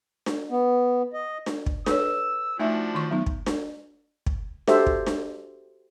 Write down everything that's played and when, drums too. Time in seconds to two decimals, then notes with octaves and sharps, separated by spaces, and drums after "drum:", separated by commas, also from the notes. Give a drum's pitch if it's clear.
0.26 drum: snare D4
0.50 B3
1.13 D#5
1.46 drum: snare D4
1.66 drum: kick
1.86 A4 B4 C#5 E6, drum: snare D4
2.59 F3 A3 D4 D#4 F#4 E5
2.95 D#3 C#6
3.11 F#3 B3 D#4
3.26 drum: kick
3.46 drum: snare D4
4.26 drum: kick
4.68 F#4 G4 A4 C5 E5, drum: snare D4
4.86 drum: kick
5.06 drum: snare D4